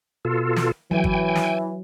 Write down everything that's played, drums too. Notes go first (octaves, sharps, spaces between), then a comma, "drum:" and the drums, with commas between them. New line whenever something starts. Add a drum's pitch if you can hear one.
B2 F4 A4
drum: snare
E3 F#3 G5 G#5
drum: kick
drum: snare